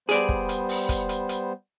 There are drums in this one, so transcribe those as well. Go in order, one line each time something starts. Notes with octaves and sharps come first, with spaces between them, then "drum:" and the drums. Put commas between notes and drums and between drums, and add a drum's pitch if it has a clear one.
G3 B3 G#4 C5 D5, drum: hi-hat
drum: kick
drum: hi-hat
drum: open hi-hat
drum: kick, hi-hat
drum: hi-hat
drum: hi-hat